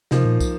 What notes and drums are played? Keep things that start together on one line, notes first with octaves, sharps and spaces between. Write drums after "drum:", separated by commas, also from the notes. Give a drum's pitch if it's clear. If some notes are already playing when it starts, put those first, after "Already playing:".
C3 F3 A#3 D#4, drum: snare
A#2
drum: kick, tambourine